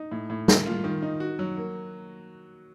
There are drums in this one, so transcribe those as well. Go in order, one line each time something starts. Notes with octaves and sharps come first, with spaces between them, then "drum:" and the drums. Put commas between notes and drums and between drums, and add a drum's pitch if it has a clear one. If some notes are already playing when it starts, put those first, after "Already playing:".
Already playing: D#4
A2
A2
A#3, drum: snare
F4
D#3
D#4
F#4
F#3
A#3